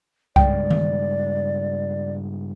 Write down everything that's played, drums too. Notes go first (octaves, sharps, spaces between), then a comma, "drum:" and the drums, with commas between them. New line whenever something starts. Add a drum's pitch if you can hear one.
G2 C#3 G#3 D5 G5, drum: kick C2
drum: tom D#3